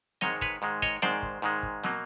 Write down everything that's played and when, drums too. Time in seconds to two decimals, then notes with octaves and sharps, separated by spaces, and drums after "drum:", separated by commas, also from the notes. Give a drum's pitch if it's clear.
0.21 G#2 D#3 G#3 C#5 D#5, drum: snare
0.41 B4 C#5, drum: kick
0.62 G#2 D#3 G#3
0.82 C#5 D#5, drum: kick
1.02 G#2 D#3 G#3 C5 D5, drum: snare
1.22 drum: kick
1.42 G#2 D#3 G#3
1.63 drum: kick
1.84 B2 F#3 A#3, drum: snare